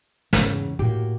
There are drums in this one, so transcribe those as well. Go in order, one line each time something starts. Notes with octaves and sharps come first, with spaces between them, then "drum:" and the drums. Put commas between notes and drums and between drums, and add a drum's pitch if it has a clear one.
E2 G#2 C#3 B3, drum: snare
A2 A#3 F#4 G4